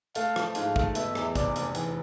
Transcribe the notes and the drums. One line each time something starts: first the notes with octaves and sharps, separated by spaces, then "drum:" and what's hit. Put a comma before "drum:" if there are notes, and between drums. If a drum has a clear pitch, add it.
A3 F5, drum: hi-hat
F3, drum: rim click
G#2 F5, drum: hi-hat
A3, drum: kick
B2 E5, drum: hi-hat
E2, drum: rim click
F1 D5, drum: kick, hi-hat
F1, drum: hi-hat
E3, drum: hi-hat